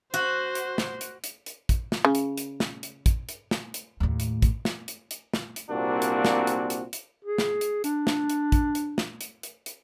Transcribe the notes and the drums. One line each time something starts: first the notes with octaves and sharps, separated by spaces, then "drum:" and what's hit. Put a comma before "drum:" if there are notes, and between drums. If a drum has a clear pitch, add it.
F#4 C5
drum: hi-hat
drum: snare
drum: hi-hat
drum: hi-hat
drum: hi-hat
drum: kick, hi-hat
drum: snare
C#3
drum: hi-hat
drum: hi-hat
drum: snare
drum: hi-hat
drum: kick, hi-hat
drum: hi-hat
drum: snare
drum: hi-hat
D#2 A2
drum: hi-hat
drum: kick, hi-hat
drum: snare
drum: hi-hat
drum: hi-hat
drum: snare
drum: hi-hat
C2 A#2 A#3 C4 D4 F#4
drum: hi-hat
drum: snare
drum: hi-hat
drum: hi-hat
drum: hi-hat
G#4
drum: snare
drum: hi-hat
D4, drum: hi-hat
drum: snare
drum: hi-hat
drum: kick, hi-hat
drum: hi-hat
drum: snare
drum: hi-hat
drum: hi-hat
drum: hi-hat